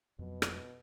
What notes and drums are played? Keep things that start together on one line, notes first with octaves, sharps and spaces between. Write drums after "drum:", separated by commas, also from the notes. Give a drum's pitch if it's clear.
F2 B2 F#3
drum: rim click